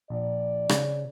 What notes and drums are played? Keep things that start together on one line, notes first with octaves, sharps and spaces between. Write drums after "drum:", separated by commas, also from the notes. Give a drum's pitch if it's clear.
A#1 D5
C#3, drum: rim click